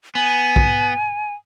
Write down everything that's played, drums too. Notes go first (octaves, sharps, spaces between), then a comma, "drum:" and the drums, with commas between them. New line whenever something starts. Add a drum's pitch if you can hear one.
B3 G#5
drum: kick